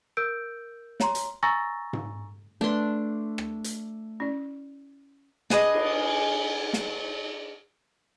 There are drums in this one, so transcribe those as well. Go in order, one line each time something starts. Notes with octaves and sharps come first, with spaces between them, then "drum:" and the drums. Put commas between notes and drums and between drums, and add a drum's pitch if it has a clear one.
A#4 E6 G6 D7
C#5 A#5 C6, drum: snare
drum: hi-hat
G#5 A#5 C#6 E6 A6 A#6
drum: tom G#2
A3 D4 B4 A5 C6
drum: rim click
drum: hi-hat
C#4 E4 D5
D4 G#4 B4 D#5, drum: snare
drum: cymbal
drum: snare